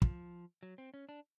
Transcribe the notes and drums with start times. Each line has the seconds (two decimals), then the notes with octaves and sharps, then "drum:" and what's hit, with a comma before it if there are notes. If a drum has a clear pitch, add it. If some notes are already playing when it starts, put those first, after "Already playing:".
0.02 F3, drum: kick
0.63 F#3
0.78 C4
0.94 C#4
1.09 D4